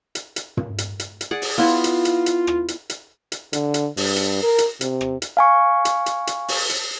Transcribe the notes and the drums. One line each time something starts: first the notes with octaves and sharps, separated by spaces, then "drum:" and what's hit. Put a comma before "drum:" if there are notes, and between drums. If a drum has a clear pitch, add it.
drum: hi-hat
drum: hi-hat
drum: tom
drum: hi-hat
drum: hi-hat
drum: hi-hat
G#4 D5 F#5
drum: open hi-hat
B3 E4 F4
drum: hi-hat
drum: hi-hat
drum: hi-hat
drum: rim click
drum: hi-hat
drum: hi-hat
drum: hi-hat
D3, drum: hi-hat
drum: hi-hat
G2, drum: open hi-hat
drum: hi-hat
A#4
drum: hi-hat
C3, drum: hi-hat
drum: rim click
drum: hi-hat
F5 G#5 C#6
drum: hi-hat
drum: hi-hat
drum: hi-hat
drum: open hi-hat
drum: hi-hat